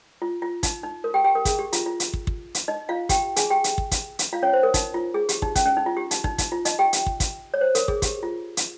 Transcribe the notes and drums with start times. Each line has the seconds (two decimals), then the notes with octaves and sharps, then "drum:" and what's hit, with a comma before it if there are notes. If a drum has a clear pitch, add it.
0.22 F4
0.42 F4
0.63 D#4, drum: kick, hi-hat
0.83 D#4
1.04 A#4
1.14 G4 G5
1.24 G4 G5
1.35 A#4
1.45 G#4, drum: kick, hi-hat
1.59 G4
1.73 F4, drum: hi-hat
1.86 F4
2.00 drum: hi-hat
2.13 drum: kick
2.27 drum: kick
2.55 drum: hi-hat
2.68 D#4 D#5
2.89 F4 F5
3.09 G4 G5, drum: kick, hi-hat
3.36 G#4 G#5, drum: hi-hat
3.50 G4 G5
3.64 drum: hi-hat
3.78 drum: kick
3.91 drum: kick, hi-hat
4.19 drum: hi-hat
4.33 F4 F5
4.42 C#4 C#5
4.53 C5
4.63 A#4
4.74 D#4, drum: kick, hi-hat
4.94 F4
5.14 G#4
5.29 G4, drum: hi-hat
5.42 D#4, drum: kick
5.56 C#4, drum: kick, hi-hat
5.66 C#4
5.77 D#4
5.86 F4
5.97 G4
6.11 D#4, drum: hi-hat
6.24 D#4, drum: kick
6.38 D#4, drum: kick, hi-hat
6.52 F4
6.65 D#4 D#5, drum: hi-hat
6.79 G4 G5
6.93 drum: hi-hat
7.06 drum: kick
7.20 drum: kick, hi-hat
7.54 C#5
7.61 C5
7.75 A#4, drum: hi-hat
7.88 G#4, drum: kick
8.02 G4, drum: kick, hi-hat
8.23 F4
8.57 drum: hi-hat